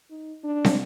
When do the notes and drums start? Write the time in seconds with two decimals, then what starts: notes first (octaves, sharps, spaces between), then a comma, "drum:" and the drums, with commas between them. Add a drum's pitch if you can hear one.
0.11 D#4
0.44 D4
0.65 drum: snare